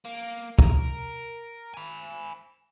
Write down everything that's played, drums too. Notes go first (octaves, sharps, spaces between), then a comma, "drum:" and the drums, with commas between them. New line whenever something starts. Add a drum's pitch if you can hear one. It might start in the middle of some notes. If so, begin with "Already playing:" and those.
A#3
A#4, drum: kick
G#5 B5